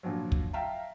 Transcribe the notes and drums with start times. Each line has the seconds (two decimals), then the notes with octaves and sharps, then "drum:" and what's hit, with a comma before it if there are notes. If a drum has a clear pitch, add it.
0.03 A#2 D3 F3 F#3
0.32 drum: kick
0.53 E5 F5 G5 A5 A#5